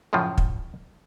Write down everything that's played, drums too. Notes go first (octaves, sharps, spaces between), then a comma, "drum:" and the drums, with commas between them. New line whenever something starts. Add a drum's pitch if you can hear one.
F#2 A2 C#3 F3
drum: kick